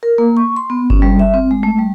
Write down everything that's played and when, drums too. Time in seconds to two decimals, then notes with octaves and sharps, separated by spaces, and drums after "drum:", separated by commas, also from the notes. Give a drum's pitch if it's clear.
0.03 A#4
0.18 A#3
0.37 C#6
0.57 C6
0.70 B3
0.90 C#4, drum: kick G1
1.02 G3
1.19 E5
1.34 C4
1.51 G#3
1.63 A3
1.78 G3